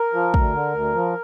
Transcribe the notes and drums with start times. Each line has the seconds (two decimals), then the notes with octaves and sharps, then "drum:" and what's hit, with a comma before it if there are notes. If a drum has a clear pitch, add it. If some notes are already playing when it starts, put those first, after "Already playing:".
Already playing: A#4
0.14 F3
0.34 D2, drum: kick
0.54 D3
0.74 D2
0.95 F3